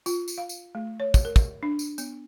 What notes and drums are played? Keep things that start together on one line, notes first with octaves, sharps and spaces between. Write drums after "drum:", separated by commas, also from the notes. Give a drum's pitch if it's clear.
F4, drum: tambourine
drum: tambourine
F5
drum: tambourine
A3
C#5
drum: kick, tambourine
A#4
drum: kick, tambourine
D4
drum: tambourine
B3, drum: tambourine